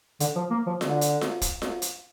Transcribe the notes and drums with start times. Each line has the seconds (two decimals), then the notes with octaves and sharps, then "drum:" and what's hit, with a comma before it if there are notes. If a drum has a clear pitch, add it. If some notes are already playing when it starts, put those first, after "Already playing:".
0.20 D3, drum: hi-hat
0.36 F3
0.51 A#3
0.66 F3
0.81 D3, drum: snare F4
1.01 drum: hi-hat
1.21 drum: snare F4
1.42 drum: kick, hi-hat
1.62 drum: snare F4
1.82 drum: hi-hat